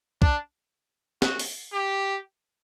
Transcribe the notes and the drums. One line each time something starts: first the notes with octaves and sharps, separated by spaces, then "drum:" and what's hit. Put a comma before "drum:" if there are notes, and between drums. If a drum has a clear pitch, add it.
D4, drum: kick
F#4, drum: snare
drum: open hi-hat
G4